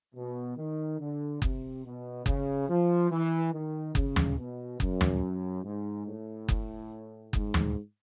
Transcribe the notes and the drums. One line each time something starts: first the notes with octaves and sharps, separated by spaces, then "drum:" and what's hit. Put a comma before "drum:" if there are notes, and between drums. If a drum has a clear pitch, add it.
B2
D#3
D3
C3, drum: kick F#1
B2
C#3, drum: kick F#1
F3
E3
D#3
C#3, drum: kick F#1
drum: tom
B2
F#2, drum: kick F#1
drum: tom
G#2
A2
drum: kick F#1
G#2, drum: kick F#1
drum: tom